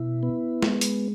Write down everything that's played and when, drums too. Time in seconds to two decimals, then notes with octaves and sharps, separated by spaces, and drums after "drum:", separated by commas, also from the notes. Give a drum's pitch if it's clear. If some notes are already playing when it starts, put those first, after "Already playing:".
Already playing: B2 E4
0.23 B3
0.62 G#3, drum: snare
0.81 drum: hi-hat